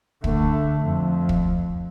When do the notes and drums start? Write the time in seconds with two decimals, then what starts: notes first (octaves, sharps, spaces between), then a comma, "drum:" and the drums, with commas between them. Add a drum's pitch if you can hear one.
0.24 D3 A3, drum: kick
0.85 F2
1.29 drum: kick